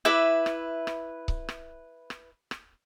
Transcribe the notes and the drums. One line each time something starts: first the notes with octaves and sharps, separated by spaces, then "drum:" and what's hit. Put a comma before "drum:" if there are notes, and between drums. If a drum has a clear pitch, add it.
E4 B4 E5 D6
drum: rim click
drum: rim click
drum: kick C#1
drum: rim click
drum: rim click
drum: rim click